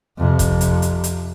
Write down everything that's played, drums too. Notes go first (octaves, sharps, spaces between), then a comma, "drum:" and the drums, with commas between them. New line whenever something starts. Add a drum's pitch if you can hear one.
F2 C3
drum: kick G1, hi-hat
drum: hi-hat
drum: hi-hat
drum: hi-hat